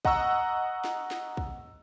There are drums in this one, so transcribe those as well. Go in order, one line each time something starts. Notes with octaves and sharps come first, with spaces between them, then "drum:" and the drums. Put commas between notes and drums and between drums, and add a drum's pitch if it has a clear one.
D#5 F#5 A#5 C#6 E6, drum: kick
drum: snare
drum: snare
drum: kick